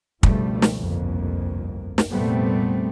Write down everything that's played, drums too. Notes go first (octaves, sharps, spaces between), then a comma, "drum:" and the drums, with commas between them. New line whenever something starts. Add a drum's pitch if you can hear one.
C#2 G2 B2 F3 G3 A3, drum: kick
drum: snare
G1 C2 F2 A#3
drum: snare
F1 A#2 G3 A3 B3 C4